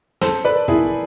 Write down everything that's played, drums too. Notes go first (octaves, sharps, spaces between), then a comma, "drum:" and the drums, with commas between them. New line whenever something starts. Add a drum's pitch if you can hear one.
A4 C5, drum: snare
B4 D5
E4 G#4, drum: kick